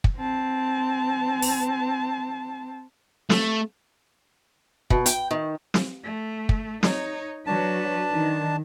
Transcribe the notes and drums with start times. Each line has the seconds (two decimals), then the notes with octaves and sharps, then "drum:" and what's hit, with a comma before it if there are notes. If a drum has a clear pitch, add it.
0.04 drum: kick
0.17 C4 A5
1.42 drum: open hi-hat
3.30 A3, drum: snare
4.90 B2, drum: kick
5.06 G5, drum: hi-hat
5.31 D#3
5.74 drum: snare
6.04 A3
6.49 drum: kick
6.83 D#4 C#5, drum: snare
7.47 F#3 D4 B4 A5
8.11 D#3